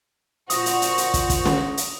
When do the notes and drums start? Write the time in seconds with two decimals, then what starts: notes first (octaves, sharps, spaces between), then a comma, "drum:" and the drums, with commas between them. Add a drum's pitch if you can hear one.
0.50 A#2 F#4 C5 D#6 A#6, drum: hi-hat
0.66 drum: hi-hat
0.82 drum: hi-hat
0.98 drum: hi-hat
1.14 drum: kick, hi-hat
1.30 drum: kick, hi-hat
1.46 drum: snare
1.77 drum: hi-hat